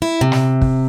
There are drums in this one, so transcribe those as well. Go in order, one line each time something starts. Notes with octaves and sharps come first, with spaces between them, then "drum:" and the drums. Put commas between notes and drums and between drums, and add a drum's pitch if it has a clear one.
E4
C3
drum: snare
drum: kick